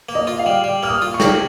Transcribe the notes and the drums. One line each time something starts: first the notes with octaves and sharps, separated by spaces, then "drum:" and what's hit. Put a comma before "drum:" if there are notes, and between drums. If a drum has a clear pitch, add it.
A#3
D#5
F4
F5
G3
G3
A#3 F6
D#6
F4
C#6
G3, drum: snare